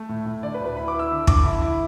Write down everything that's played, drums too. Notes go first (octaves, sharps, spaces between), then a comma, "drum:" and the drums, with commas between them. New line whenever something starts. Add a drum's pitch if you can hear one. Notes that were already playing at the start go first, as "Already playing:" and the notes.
Already playing: A3
A2
A2
D3 D5
B4
D2
B4
E4 B5
D6
E4
E6
D3
D3 D6, drum: kick
E4
E4